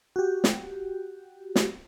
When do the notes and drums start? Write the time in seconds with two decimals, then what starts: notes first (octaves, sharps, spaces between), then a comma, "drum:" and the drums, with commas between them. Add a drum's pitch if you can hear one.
0.16 F#4 G4
0.44 drum: snare
1.56 drum: snare